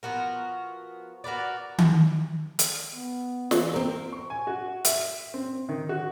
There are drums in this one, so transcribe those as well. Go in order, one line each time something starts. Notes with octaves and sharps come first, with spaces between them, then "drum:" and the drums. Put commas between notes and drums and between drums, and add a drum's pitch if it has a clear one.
F3 B3 F#4 A#4
F#4 A#4 B4 D5
drum: tom D#3
drum: hi-hat
B3
E3, drum: snare
C4 A#4
C#6
G#5
F#4
E5, drum: hi-hat
C4
D#3
F#4